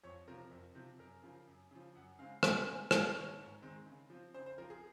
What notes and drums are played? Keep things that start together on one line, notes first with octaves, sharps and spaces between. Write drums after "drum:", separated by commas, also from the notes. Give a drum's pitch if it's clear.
F2 C#5
C3 F3 C4 A#4
F2
C3 F3 C4
F#2 A#4
C#3 F3
F#2
C#3 F3
F#2 F#5
C#3 G#3 C4 F5
F#2 F#5, drum: rim click
C#3 G#3 C4 G#5
G#2 F5, drum: rim click
D#3 G#3 C4 C#5
G#2
D#3 G#3 C4
C#3
F3 C4
C#3 C5
C5
F3 C4 A#4
G#4